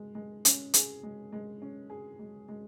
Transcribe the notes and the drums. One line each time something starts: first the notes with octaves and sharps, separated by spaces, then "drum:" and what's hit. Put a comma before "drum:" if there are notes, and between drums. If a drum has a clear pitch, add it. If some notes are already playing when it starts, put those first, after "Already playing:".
Already playing: G#3
G#3
C#4, drum: hi-hat
G#4, drum: hi-hat
G#3
G#3
C#4
G#4
G#3
G#3